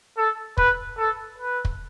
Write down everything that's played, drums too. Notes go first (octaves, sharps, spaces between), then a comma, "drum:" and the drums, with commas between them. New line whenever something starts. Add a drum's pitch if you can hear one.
A4
B4, drum: kick
A4
B4
drum: kick